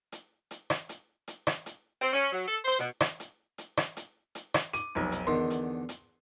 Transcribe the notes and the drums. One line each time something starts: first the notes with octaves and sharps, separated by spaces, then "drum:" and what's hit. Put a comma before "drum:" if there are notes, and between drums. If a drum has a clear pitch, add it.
drum: hi-hat
drum: hi-hat
drum: rim click
drum: hi-hat
drum: hi-hat
drum: rim click
drum: hi-hat
C4
C#4
F#3
A4
C5
B2, drum: hi-hat
drum: rim click
drum: hi-hat
drum: hi-hat
drum: rim click
drum: hi-hat
drum: hi-hat
drum: rim click
D6 D#7, drum: hi-hat
F1 B1
drum: hi-hat
E2 D3 D#3 C6
drum: hi-hat
drum: hi-hat